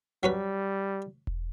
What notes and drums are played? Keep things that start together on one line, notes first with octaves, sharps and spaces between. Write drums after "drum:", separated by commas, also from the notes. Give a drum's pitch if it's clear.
F#3 G3 C#4 B4
drum: kick E1